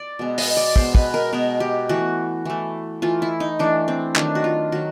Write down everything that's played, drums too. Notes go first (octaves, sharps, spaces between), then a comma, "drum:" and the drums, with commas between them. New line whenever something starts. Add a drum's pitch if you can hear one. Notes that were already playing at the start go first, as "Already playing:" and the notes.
Already playing: D5
B2 G#3 B3
D#5, drum: open hi-hat
D5
B2 G#3 B3 C5, drum: kick
B4, drum: kick
A#4
B2 G#3 B3 A#4
G4
E3 A3 F#4
E3 A3
E3 A3 F4
E4
D#4
E3 A3 D4
C4
D#3 F#3 A3 D4, drum: clap
F#4
F4
D#3 F#3 F#4